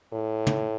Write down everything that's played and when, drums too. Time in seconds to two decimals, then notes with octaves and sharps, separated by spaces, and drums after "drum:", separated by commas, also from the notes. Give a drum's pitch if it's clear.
0.12 A2
0.47 drum: tom